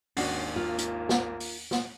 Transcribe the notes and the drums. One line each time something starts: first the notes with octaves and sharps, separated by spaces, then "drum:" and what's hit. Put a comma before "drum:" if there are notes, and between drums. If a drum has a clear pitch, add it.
G#1 D#2 C#4 D4 F#4 C#5 F#5 C7, drum: open hi-hat
A#3 F4
drum: hi-hat
drum: snare
drum: open hi-hat
drum: snare